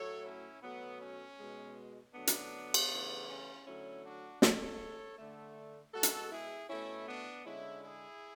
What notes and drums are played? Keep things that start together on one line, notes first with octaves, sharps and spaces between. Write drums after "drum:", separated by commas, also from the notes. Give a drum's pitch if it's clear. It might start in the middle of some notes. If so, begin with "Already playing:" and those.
Already playing: A2 F#3 A3 A4 C#5
C#4 E4
B2 F#3 A3 B3
C#4
B2 G#3
D3 F#3 A3 B3 D4
drum: hi-hat
drum: cymbal
C#3 E3 A3
C#4
D3 F#3 A3 C#4 E4
D4 F#4
C#3 G#3 A4 C#5, drum: snare
D3 A3
B2 G#3 F#4 A4
drum: hi-hat
E4 G#4
B2 A3 C#4 E4
B3 D4
D3 G#3 C#4 E4
E4 G#4